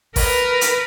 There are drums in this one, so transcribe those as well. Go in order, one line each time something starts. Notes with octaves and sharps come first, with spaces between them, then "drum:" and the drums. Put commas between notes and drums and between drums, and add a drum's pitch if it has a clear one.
A#4 B4, drum: kick G#1, open hi-hat
drum: hi-hat